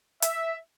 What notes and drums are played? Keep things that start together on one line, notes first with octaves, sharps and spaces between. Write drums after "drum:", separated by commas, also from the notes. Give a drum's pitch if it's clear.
E5, drum: hi-hat